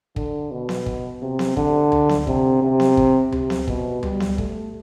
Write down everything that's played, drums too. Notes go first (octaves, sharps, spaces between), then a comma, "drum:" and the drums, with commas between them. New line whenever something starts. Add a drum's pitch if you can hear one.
D3, drum: kick
B2
drum: snare B3
drum: kick
C3
drum: snare B3
D3, drum: kick
drum: tom D2
drum: snare B3
C3, drum: kick
C3
drum: snare B3
drum: kick
C3, drum: tom D2
drum: snare B3
B2, drum: kick
G3, drum: tom D2
drum: snare B3
A3, drum: kick